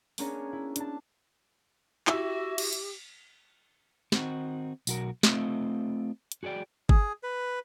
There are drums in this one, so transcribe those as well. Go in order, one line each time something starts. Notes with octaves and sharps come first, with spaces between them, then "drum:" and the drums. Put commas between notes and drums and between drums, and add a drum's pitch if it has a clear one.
A#3 B3 C#4 D4 G#4 A#4, drum: open hi-hat
E4
D4 A5, drum: hi-hat
E4 F#4 G4 E5 E6, drum: clap
drum: cymbal
drum: hi-hat
D#3 C4 D#4 F#4, drum: snare
B1 F#4 A#4, drum: tambourine
A3 C4 F4 D#5 E5, drum: snare
drum: hi-hat
F#4 G#4 C5 D5 G5
G#4, drum: kick G1
B4